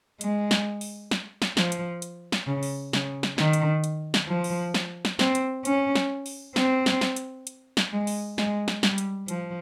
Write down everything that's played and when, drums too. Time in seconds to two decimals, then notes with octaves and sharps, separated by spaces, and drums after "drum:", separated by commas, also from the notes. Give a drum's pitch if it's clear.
0.21 G#3, drum: hi-hat
0.51 drum: snare
0.81 drum: open hi-hat
1.11 drum: snare
1.42 drum: snare
1.57 F3, drum: snare
1.72 drum: hi-hat
2.02 drum: hi-hat
2.32 drum: snare
2.47 C#3
2.63 drum: open hi-hat
2.93 C#3, drum: snare
3.23 drum: snare
3.38 D#3, drum: snare
3.53 drum: hi-hat
3.84 drum: hi-hat
4.14 drum: snare
4.28 F3
4.44 drum: open hi-hat
4.74 drum: snare
5.05 drum: snare
5.19 C4, drum: snare
5.35 drum: hi-hat
5.65 C#4, drum: hi-hat
5.95 drum: snare
6.26 drum: open hi-hat
6.56 C4, drum: snare
6.86 drum: snare
7.01 drum: snare
7.16 drum: hi-hat
7.47 drum: hi-hat
7.77 drum: snare
7.92 G#3
8.07 drum: open hi-hat
8.38 G#3, drum: snare
8.68 drum: snare
8.83 G3, drum: snare
8.98 drum: hi-hat
9.28 F3, drum: hi-hat